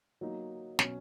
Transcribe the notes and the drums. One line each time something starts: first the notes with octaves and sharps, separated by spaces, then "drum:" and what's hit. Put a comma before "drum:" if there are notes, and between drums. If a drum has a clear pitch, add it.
F#3 A#3 D#4
B2 F#3 C#4, drum: snare